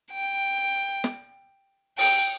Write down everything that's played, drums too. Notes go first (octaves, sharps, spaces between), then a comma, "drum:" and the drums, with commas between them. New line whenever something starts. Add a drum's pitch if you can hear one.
G5
drum: snare
G5, drum: open hi-hat